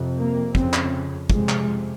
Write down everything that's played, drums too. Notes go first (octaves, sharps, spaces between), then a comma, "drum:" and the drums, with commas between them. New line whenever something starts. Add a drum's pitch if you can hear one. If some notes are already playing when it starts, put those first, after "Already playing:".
Already playing: F2 C3
A#3
F2 C#3 C4, drum: kick
drum: clap
F2 C3 G#3, drum: kick
drum: clap